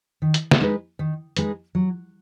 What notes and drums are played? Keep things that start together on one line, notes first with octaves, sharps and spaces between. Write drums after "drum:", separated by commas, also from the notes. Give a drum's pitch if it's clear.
D#3
drum: hi-hat
drum: snare
G#3 D#4 G#4 B4
D#3
G#3 D#4 G#4 B4, drum: hi-hat
F#3